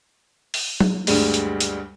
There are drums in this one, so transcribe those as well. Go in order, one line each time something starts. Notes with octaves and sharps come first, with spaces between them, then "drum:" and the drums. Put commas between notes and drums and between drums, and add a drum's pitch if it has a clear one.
drum: open hi-hat
drum: tom F#3
D2 G2 G3 G#3, drum: open hi-hat
drum: hi-hat
drum: hi-hat